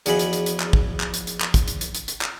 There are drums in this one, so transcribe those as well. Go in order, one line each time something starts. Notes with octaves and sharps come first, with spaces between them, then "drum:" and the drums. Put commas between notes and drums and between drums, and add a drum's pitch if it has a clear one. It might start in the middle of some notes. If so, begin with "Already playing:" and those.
E2 F3 F#4 G#4 D#5 B5, drum: hi-hat
drum: hi-hat
drum: hi-hat
drum: hi-hat
drum: clap
drum: kick
drum: clap
drum: hi-hat
drum: hi-hat
drum: clap
drum: kick, hi-hat
drum: hi-hat
drum: hi-hat
drum: hi-hat
drum: hi-hat
drum: clap